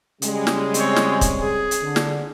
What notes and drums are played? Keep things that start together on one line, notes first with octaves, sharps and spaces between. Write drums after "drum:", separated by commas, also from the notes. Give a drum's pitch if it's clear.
C#3 G3 G#3, drum: hi-hat
drum: snare
C4 C#5, drum: hi-hat
drum: snare
drum: kick, hi-hat
G#4
drum: hi-hat
D3
drum: snare